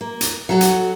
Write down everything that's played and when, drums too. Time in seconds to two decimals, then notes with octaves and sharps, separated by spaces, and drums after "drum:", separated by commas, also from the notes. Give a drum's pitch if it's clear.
0.01 A#3
0.21 drum: hi-hat
0.49 F#3 F#4 A4
0.61 drum: hi-hat